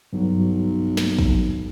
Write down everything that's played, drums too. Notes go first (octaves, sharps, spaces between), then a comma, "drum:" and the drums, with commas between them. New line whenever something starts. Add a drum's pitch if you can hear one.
B1 G2 F#3
drum: snare
drum: kick